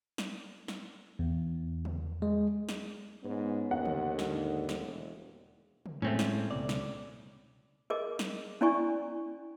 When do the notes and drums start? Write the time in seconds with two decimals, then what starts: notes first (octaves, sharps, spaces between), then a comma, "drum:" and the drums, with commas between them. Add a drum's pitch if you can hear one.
0.18 drum: snare
0.68 drum: snare
1.19 E2
1.85 drum: tom
2.22 G#3
2.69 drum: snare
3.24 G#2 B3 C#4
3.71 D#2 F#5
3.85 drum: tom
4.09 G#2 D3
4.19 drum: snare
4.69 drum: snare
4.80 E1
5.86 drum: tom
6.02 A2 G#3 A3 C4 C#4
6.19 drum: snare
6.51 C#2 B2 D5
6.69 drum: snare
7.90 G#4 A#4 D#5 D6
8.19 drum: snare
8.61 C#4 D4 E4 D5 G#5 C#6